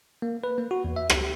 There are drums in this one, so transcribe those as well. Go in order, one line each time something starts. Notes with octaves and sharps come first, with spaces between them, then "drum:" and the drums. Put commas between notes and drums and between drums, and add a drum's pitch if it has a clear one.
A#3
B4
A#3
F#4
E2
E5
G4, drum: rim click